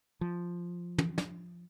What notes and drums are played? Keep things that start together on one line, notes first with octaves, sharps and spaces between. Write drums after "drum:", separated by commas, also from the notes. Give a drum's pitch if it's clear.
F3
drum: tom
drum: snare